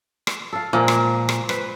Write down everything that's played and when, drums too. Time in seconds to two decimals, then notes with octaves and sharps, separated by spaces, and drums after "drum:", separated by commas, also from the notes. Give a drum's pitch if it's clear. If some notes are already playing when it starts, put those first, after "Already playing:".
0.27 drum: rim click
0.53 A4 F5
0.73 A#2 F3 G#3 A#4
0.88 drum: rim click
1.29 drum: rim click
1.49 B4 C5, drum: rim click